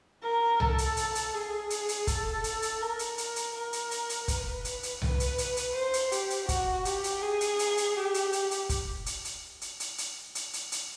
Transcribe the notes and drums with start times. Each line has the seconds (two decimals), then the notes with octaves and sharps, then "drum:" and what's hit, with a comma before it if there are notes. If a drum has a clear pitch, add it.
0.23 A#4
0.60 A4, drum: tom C2
0.78 drum: hi-hat
0.97 drum: hi-hat
1.15 drum: hi-hat
1.34 G#4
1.70 drum: hi-hat
1.89 drum: hi-hat
2.07 A4, drum: kick, hi-hat
2.44 drum: hi-hat
2.62 drum: hi-hat
2.81 A#4
2.99 drum: hi-hat
3.18 A#4, drum: hi-hat
3.36 drum: hi-hat
3.55 A#4
3.73 drum: hi-hat
3.91 drum: hi-hat
4.09 drum: hi-hat
4.28 B4, drum: kick, hi-hat
4.65 drum: hi-hat
4.83 drum: hi-hat
5.02 B4, drum: tom C2
5.20 drum: hi-hat
5.38 drum: hi-hat
5.57 drum: hi-hat
5.75 C5
5.93 drum: hi-hat
6.12 G4, drum: hi-hat
6.30 drum: hi-hat
6.49 F#4, drum: kick, hi-hat
6.85 G4, drum: hi-hat
7.04 drum: hi-hat
7.22 G#4
7.41 drum: hi-hat
7.59 drum: hi-hat
7.77 drum: hi-hat
7.96 G4
8.14 drum: hi-hat
8.33 drum: hi-hat
8.51 drum: hi-hat
8.69 drum: kick, hi-hat
9.06 drum: hi-hat
9.25 drum: hi-hat
9.61 drum: hi-hat
9.80 drum: hi-hat
9.98 drum: hi-hat
10.35 drum: hi-hat
10.53 drum: hi-hat
10.72 drum: hi-hat